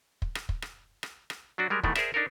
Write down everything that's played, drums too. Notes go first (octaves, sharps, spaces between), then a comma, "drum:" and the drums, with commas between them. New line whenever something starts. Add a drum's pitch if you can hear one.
drum: kick
drum: rim click
drum: kick
drum: rim click
drum: rim click
drum: rim click
F#3 D4 F#4
G3 G#3 A#4
B2 D#3 E3 A3, drum: kick
G#4 A#4 C5 D5 E5, drum: rim click
D4 D#4 A4 A#4